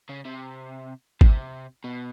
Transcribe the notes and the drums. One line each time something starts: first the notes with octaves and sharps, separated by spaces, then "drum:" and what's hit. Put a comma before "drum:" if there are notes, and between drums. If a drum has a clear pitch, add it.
C#3
C3
C3, drum: kick G#1
B2